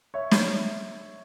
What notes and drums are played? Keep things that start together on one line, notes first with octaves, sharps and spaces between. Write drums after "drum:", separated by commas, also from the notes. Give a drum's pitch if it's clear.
C#5 E5
drum: snare